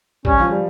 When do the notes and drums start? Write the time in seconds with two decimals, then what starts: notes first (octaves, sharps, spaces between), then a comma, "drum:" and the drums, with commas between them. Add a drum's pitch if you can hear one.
0.25 G3 C#4, drum: kick
0.40 F3
0.51 G3